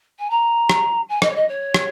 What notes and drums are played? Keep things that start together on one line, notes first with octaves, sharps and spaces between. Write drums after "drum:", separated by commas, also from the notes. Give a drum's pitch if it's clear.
G#5
A#5
drum: rim click
G#5
D#5, drum: rim click
C#5
D#5
C#5
drum: rim click